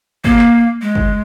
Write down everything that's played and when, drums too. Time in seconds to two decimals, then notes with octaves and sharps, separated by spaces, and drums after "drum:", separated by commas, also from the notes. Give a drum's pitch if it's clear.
0.24 A#3, drum: kick
0.39 drum: clap
0.82 G#3
0.95 drum: kick